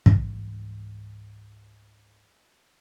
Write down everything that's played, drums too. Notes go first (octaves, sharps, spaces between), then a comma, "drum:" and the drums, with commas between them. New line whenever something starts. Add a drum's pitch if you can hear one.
C#2 G#2 E3 G3, drum: kick